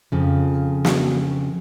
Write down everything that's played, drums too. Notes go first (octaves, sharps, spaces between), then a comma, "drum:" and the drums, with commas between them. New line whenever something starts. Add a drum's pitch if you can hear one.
F2 C#3 F3
drum: snare